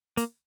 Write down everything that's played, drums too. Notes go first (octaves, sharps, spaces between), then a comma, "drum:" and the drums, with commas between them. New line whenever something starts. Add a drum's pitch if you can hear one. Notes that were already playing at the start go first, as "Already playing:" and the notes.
A#3, drum: hi-hat